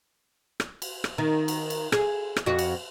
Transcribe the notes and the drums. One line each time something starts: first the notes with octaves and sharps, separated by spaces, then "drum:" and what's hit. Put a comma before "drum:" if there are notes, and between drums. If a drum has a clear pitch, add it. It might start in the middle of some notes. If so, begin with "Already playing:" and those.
drum: rim click
drum: cymbal
drum: rim click
D#3
drum: cymbal
drum: cymbal
G#4, drum: rim click
drum: rim click
F2 F#4
drum: cymbal